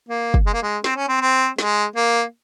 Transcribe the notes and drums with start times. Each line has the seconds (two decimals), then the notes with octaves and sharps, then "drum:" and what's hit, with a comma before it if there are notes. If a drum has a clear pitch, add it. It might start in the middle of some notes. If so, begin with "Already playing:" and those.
0.09 A#3
0.34 drum: kick
0.46 G#3
0.54 A#3
0.63 G#3
0.84 C4, drum: snare
0.96 C#4
1.08 C4
1.21 C4
1.59 G#3, drum: snare
1.96 A#3